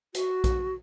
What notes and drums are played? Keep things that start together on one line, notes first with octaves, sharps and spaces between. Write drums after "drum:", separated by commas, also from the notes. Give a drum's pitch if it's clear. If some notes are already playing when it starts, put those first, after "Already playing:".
F#4, drum: hi-hat
drum: kick A#1, hi-hat